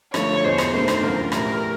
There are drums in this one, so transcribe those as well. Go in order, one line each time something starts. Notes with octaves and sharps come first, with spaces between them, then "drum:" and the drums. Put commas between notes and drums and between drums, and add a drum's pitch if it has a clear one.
G2 D3 F3 A3 C#5, drum: rim click
E2 B2 G#3 C5
drum: rim click
F#2 D#3 F#3 A3 D4 C5
drum: rim click
E1 D2 C#3 F3 A#4
A2 E3 G3 A#4, drum: rim click